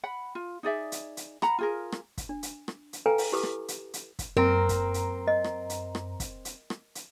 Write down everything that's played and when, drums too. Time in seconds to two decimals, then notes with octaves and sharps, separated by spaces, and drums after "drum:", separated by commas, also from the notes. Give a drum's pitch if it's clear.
0.04 F#5 B5
0.35 F4
0.63 D#4 G#4 D5 E5
0.92 drum: hi-hat
1.17 drum: hi-hat
1.42 F#5 A#5 B5, drum: rim click
1.59 F4 G#4 A#4
1.92 drum: rim click
2.18 drum: kick, hi-hat
2.29 D4
2.43 drum: hi-hat
2.68 drum: rim click
2.93 drum: hi-hat
3.06 A4 B4 F5 G5 G#5 A#5
3.18 drum: open hi-hat
3.32 E4 G4 B4 D6 D#6
3.43 drum: rim click
3.68 drum: hi-hat
3.94 drum: hi-hat
4.19 drum: kick, hi-hat
4.37 F#2 C4 A#4 A#5
4.69 drum: kick, hi-hat
4.94 drum: hi-hat
5.28 D#5
5.44 drum: rim click
5.70 drum: hi-hat
5.95 drum: rim click
6.20 drum: kick, hi-hat
6.45 drum: hi-hat
6.70 drum: rim click
6.95 drum: hi-hat